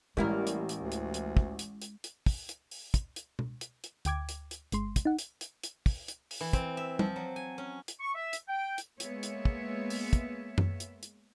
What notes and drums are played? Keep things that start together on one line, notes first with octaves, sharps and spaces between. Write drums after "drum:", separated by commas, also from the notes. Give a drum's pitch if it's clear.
A1 G3 G#3 A#3 E4 A#4
drum: hi-hat
drum: hi-hat
D2
drum: hi-hat
drum: hi-hat
drum: kick
drum: hi-hat
drum: hi-hat
drum: hi-hat
drum: kick, open hi-hat
drum: hi-hat
drum: open hi-hat
drum: kick, hi-hat
drum: hi-hat
drum: tom B2
drum: hi-hat
drum: hi-hat
D2 G5 D6 G#6, drum: hi-hat
drum: hi-hat
drum: hi-hat
G1 G#3 C6, drum: hi-hat
drum: kick, hi-hat
D#4 F#5
drum: hi-hat
drum: hi-hat
drum: hi-hat
drum: kick, open hi-hat
drum: hi-hat
drum: open hi-hat
E3
C4, drum: kick, hi-hat
E5
F3, drum: tom
F#3
G#5
C#4
drum: hi-hat
C#6
E5
drum: hi-hat
G5
drum: hi-hat
G#3 A#3 B3 C#5 E5, drum: hi-hat
drum: hi-hat
drum: kick
drum: open hi-hat
drum: kick, hi-hat
drum: tom F#2
drum: hi-hat
drum: hi-hat